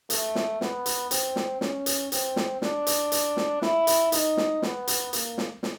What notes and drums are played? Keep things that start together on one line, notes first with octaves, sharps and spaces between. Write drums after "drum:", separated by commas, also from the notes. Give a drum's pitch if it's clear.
A3, drum: hi-hat
drum: snare
B3, drum: snare
drum: hi-hat
C4, drum: hi-hat
drum: snare
C#4, drum: snare
drum: hi-hat
C4, drum: hi-hat
drum: snare
D4, drum: snare
drum: hi-hat
drum: hi-hat
drum: snare
E4, drum: snare
drum: hi-hat
D#4, drum: hi-hat
drum: snare
B3, drum: snare
drum: hi-hat
A#3, drum: hi-hat
drum: snare
drum: snare